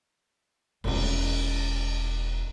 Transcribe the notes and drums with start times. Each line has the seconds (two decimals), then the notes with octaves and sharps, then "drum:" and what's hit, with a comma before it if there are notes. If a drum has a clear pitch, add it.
0.84 E1 C#4, drum: cymbal